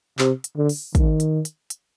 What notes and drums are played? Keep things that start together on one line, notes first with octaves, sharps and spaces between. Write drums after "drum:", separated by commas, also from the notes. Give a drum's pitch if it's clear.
C3, drum: clap
drum: hi-hat
D3
drum: open hi-hat
D#3, drum: kick, hi-hat
drum: hi-hat
drum: hi-hat
drum: hi-hat